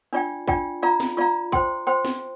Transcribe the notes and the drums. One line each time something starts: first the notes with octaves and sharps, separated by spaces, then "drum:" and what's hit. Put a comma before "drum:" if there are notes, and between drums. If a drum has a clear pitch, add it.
D4 F4 D5 G5, drum: open hi-hat
D4 F4 D5 G5, drum: kick, hi-hat
F4 D5 F5 A#5, drum: hi-hat
drum: snare
F4 D5 F5 A#5, drum: open hi-hat
C5 G5 C6, drum: kick, hi-hat
C5 G5 C6, drum: hi-hat
drum: snare